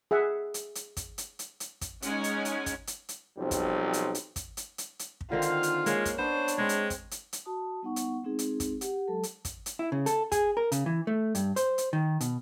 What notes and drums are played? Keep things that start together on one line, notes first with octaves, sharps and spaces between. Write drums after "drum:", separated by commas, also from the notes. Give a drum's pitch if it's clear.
G#4 E5 F#5
drum: hi-hat
drum: hi-hat
drum: kick, hi-hat
drum: hi-hat
drum: hi-hat
drum: hi-hat
drum: kick, hi-hat
G#3 C#4 D#4 C#5 F#5 G#5, drum: hi-hat
drum: hi-hat
drum: hi-hat
drum: kick, hi-hat
drum: hi-hat
drum: hi-hat
B1 F3 G3 C4
drum: kick, hi-hat
drum: hi-hat
drum: hi-hat
drum: kick, hi-hat
drum: hi-hat
drum: hi-hat
drum: hi-hat
drum: kick
D3 D#3 C4 F4 F5
drum: hi-hat
drum: hi-hat
G#3 A#3 C#4 C5, drum: hi-hat
drum: kick, hi-hat
B3 D4 C5 C#5
drum: hi-hat
G#3 C4 G#4
drum: hi-hat
drum: kick, hi-hat
drum: hi-hat
drum: hi-hat
F#4 A5 D#6
G3 B3 D#4 F#5 C#6
drum: hi-hat
G#3 C4 D#4 G#4
drum: hi-hat
drum: kick, hi-hat
G4 F#5, drum: hi-hat
F#3 G#3 A4 A5
drum: hi-hat
drum: kick, hi-hat
drum: hi-hat
E4
C#3
A4, drum: hi-hat
G#4, drum: kick, hi-hat
A#4
C#3, drum: hi-hat
E3
A3
G2, drum: hi-hat
C5, drum: hi-hat
drum: hi-hat
D#3
B2, drum: hi-hat